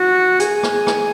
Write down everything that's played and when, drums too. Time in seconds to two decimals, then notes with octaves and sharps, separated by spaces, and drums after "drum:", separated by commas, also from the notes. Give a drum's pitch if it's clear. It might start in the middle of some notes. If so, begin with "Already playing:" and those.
Already playing: F#4
0.39 G#4, drum: hi-hat
0.63 drum: rim click
0.87 drum: rim click